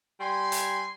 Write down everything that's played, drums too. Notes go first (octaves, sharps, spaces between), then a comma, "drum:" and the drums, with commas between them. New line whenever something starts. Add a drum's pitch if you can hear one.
G3 G#5 C6
drum: hi-hat